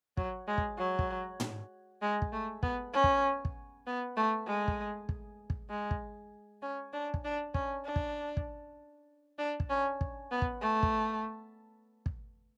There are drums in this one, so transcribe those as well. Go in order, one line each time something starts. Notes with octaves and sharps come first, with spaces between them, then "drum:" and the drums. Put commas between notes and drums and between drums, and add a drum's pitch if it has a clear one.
F#3, drum: kick
G#3
drum: kick
F#3
drum: kick
drum: tom
G#3
drum: kick
A3
B3, drum: kick
C#4
drum: kick
drum: kick
B3
A3
G#3
drum: kick
drum: kick
drum: kick
G#3
drum: kick
C#4
D4
drum: kick
D4
C#4, drum: kick
D4
drum: kick
drum: kick
D4
drum: kick
C#4
drum: kick
B3
drum: kick
A3
drum: kick
drum: kick